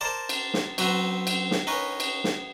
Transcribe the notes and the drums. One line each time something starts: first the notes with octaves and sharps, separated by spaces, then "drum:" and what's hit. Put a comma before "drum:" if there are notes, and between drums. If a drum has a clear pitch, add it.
A#4 C5 D5 A5 A#5
drum: cymbal
drum: snare
F#3 C4 F#4 B4, drum: cymbal
drum: cymbal
drum: snare
D#4 A#4 B4 C#5 G#5 D#6
drum: cymbal
drum: snare